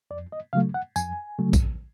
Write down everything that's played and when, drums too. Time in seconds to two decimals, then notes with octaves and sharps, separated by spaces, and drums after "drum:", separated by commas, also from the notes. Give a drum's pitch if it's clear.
0.11 F2 D5
0.32 D#5
0.53 C#3 F#3 A3 F5
0.74 F#5
0.96 F2 G#5, drum: tambourine
1.39 C#3 F#3 A3
1.53 drum: kick A#1, tambourine